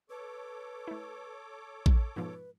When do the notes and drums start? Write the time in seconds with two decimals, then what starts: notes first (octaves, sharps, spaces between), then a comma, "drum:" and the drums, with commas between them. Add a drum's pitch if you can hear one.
0.10 A4 B4 C#5 D6
0.88 A3 E4
1.86 drum: kick
2.16 G#2 B2 F3 B4